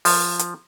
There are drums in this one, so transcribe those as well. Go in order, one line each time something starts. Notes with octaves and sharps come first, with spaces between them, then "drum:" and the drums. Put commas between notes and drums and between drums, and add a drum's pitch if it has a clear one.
F3, drum: open hi-hat
drum: hi-hat